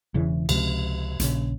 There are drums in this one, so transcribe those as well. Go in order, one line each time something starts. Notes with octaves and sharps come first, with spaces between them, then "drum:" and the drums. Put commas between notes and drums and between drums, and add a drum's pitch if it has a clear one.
E1 E2 C#3 E3
C#2 C3 F3, drum: cymbal
A#1 C#3, drum: hi-hat